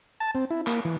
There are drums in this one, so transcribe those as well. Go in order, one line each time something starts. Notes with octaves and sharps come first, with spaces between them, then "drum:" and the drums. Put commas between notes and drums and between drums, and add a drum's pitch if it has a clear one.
A5
C4
E4
A#3, drum: clap
E3